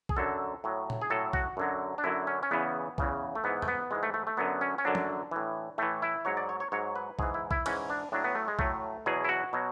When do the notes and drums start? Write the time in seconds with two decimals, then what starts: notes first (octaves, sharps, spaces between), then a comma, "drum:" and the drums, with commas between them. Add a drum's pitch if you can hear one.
0.09 G#4, drum: kick B1
0.16 F#2 D3 F#3 A4
0.64 A2 F#3
0.90 drum: tom
1.01 G#4
1.10 A2 F#3 A4
1.33 F#4, drum: kick B1
1.57 F#2 D3 F#3
1.98 D4
2.04 F#2 D3 F#3 E4
2.27 C#4
2.43 C#4
2.51 E2 C#3 E3 B3
2.98 E2 C#3 E3, drum: kick B1
3.35 A3
3.44 G#2 E3 B3
3.62 A3, drum: tom
3.68 B3
3.91 G#2 E3 G#3
4.03 A3
4.14 A3
4.27 A3
4.37 F#2 D3 F#3 B3
4.61 C#4
4.78 C#4
4.85 F#2 D3 F#3 D4
4.95 drum: tom
5.31 A2 E3
5.78 A2 E3 A3
6.02 E4
6.25 G#2 F#3 C#5
6.37 D5
6.49 C#5
6.60 C#5
6.72 G#2 F#3 C#5
6.96 B4
7.19 G#2 E3 G#4, drum: kick B1
7.34 E4
7.51 E4, drum: kick B1
7.66 G#2 E3 C#4, drum: cymbal
7.90 D4
8.12 A2 F#3 D4
8.24 B3
8.35 A3
8.48 G#3
8.59 A2 F#3 A3, drum: kick B1
9.06 E2 B2 F#3 G#4
9.24 E4
9.29 F#4
9.53 B2 F#3